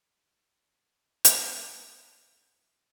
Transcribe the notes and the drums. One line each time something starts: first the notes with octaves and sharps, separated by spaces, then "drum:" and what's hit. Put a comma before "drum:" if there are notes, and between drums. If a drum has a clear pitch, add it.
D2 D#3 G4 B5
drum: hi-hat